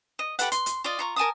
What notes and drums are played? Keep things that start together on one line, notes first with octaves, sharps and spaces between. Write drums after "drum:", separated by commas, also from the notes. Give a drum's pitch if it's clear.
D#5
G4 A4 B4 F#5, drum: hi-hat
C6, drum: hi-hat
drum: hi-hat
F4 D5 D#5
F4 A#5 C#6
A#4 G#5 A5 D#6